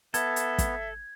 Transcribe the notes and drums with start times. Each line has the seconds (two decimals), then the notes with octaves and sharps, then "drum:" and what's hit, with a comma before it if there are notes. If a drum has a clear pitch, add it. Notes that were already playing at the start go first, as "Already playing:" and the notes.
0.14 B3 A4 E5 G#6, drum: hi-hat
0.36 drum: hi-hat
0.58 drum: kick, hi-hat